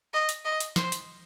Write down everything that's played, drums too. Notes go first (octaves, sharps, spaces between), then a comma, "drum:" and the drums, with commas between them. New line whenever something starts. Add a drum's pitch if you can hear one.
D#5
drum: hi-hat
D#5
drum: hi-hat
C5, drum: snare
drum: hi-hat